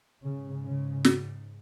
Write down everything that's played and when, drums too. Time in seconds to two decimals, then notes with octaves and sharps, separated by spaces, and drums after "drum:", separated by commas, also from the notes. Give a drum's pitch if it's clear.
0.24 G#2 C#3
0.64 C#3
1.05 drum: snare